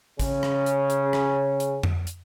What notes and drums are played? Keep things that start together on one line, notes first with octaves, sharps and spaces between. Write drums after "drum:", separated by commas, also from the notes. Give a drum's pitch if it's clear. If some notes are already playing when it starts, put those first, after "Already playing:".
C#3 C#4, drum: kick, hi-hat
drum: rim click
drum: hi-hat
drum: hi-hat
drum: rim click
drum: hi-hat
drum: tom F2
drum: hi-hat